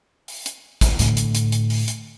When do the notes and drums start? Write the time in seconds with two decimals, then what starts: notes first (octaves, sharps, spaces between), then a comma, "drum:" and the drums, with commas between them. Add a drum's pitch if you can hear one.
0.28 drum: open hi-hat
0.46 drum: hi-hat
0.81 drum: kick, hi-hat
0.99 A2 D3, drum: hi-hat
1.17 drum: hi-hat
1.35 drum: hi-hat
1.52 drum: hi-hat
1.70 drum: open hi-hat
1.88 drum: hi-hat